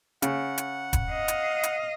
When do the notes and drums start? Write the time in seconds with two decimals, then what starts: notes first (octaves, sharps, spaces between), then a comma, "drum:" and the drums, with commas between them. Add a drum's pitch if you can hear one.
0.22 C#3 F#5, drum: hi-hat
0.58 drum: hi-hat
0.93 drum: kick, hi-hat
1.11 D#5 F5
1.28 drum: hi-hat
1.63 drum: hi-hat